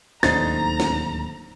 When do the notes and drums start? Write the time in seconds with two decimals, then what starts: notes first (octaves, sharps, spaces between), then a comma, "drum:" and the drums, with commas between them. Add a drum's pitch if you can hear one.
0.23 D1 D#2 D3 D#4 C5 A#5 A6, drum: snare
0.80 drum: snare